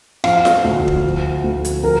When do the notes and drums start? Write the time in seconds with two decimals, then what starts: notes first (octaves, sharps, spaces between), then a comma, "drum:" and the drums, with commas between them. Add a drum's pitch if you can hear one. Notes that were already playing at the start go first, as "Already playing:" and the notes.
0.24 F3 F5, drum: rim click
0.45 drum: snare F4
0.64 D2
0.88 drum: kick
1.04 F3
1.44 D2
1.65 drum: hi-hat
1.83 F3 A#4